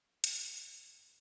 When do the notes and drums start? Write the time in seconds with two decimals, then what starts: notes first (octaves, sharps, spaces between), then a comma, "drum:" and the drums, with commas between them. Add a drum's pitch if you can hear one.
0.24 G#2 A4 D5 G#6, drum: hi-hat